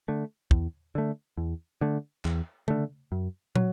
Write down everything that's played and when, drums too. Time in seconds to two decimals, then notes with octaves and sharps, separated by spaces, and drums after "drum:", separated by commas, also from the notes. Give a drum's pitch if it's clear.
0.08 D3 A3
0.51 E2, drum: kick
0.95 D3 A3
1.37 E2
1.81 D3 A3
2.25 E2, drum: clap
2.68 D3 A3, drum: tom C#3
3.12 F#2
3.56 F#3, drum: tom